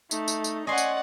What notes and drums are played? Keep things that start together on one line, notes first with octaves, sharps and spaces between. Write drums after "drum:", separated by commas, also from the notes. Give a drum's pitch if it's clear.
A3 D#4, drum: tambourine
drum: tambourine
drum: tambourine
C#4 D5 D#5 F#5 G#5 C6
drum: tambourine